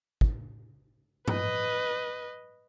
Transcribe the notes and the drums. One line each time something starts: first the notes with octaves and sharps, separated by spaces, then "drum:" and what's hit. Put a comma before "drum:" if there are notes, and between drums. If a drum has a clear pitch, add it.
drum: kick
B4 D#5, drum: tom G2